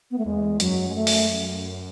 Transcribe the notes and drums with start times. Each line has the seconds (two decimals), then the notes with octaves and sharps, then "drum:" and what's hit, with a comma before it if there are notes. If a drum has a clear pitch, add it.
0.11 B3
0.18 A3
0.25 E2 G#3
0.60 F#2 F#3, drum: hi-hat
0.89 G#3
0.95 A3
1.07 drum: open hi-hat